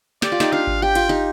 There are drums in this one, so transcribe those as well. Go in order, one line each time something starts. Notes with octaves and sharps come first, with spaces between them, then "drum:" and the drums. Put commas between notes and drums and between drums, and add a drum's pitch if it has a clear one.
G4 D5, drum: snare
F4
D#4 G4, drum: snare
D4 F4 F5
drum: kick G#1
G4 G5
F4, drum: cymbal
D#4 G4